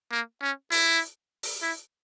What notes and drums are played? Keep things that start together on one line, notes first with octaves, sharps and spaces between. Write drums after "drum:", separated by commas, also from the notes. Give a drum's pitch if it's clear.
A#3
C#4
E4, drum: open hi-hat
drum: open hi-hat
E4